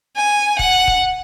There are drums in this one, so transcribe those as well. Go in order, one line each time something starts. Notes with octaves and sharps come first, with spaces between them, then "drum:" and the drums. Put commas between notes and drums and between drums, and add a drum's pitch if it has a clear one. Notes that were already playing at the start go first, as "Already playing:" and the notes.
G#5
F#5, drum: kick D#1
drum: kick D#1